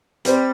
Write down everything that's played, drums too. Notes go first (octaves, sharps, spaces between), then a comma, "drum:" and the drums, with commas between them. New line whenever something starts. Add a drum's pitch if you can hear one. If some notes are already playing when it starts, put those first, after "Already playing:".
G3 C4 C5, drum: hi-hat